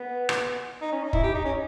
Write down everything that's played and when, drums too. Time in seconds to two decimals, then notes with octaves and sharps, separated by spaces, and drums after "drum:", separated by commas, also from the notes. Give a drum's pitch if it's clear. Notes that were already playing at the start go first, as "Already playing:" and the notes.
Already playing: B3
0.29 drum: rim click
0.81 D#4
0.92 C#4
1.02 D#4
1.13 E4, drum: kick
1.23 G4
1.34 D#4
1.45 C#4